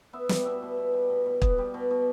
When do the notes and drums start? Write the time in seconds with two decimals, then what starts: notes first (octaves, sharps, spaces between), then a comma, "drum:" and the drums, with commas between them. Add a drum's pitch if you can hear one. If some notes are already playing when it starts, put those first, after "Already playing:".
0.13 B3 E5
0.29 G3, drum: snare
0.45 B2 E5
0.62 B2
0.78 B3
0.93 G3
1.10 B2
1.26 B2
1.42 B3, drum: kick
1.58 G3
1.74 B2
1.91 B2